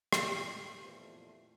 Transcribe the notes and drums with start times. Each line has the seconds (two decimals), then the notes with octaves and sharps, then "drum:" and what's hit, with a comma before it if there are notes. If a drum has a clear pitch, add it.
0.13 drum: rim click
0.23 G4
0.81 F2 A#2 E3 F3 A3 B3